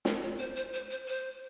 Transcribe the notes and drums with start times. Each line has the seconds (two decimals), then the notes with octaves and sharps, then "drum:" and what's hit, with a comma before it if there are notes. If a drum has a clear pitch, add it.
0.05 A#4, drum: snare
0.21 C#5
0.39 C5
0.56 C5
0.73 C5
0.90 C5
1.07 C5